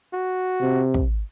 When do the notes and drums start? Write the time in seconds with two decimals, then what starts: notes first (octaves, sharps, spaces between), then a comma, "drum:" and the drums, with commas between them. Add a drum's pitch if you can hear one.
0.13 F#4
0.61 C3
0.94 drum: kick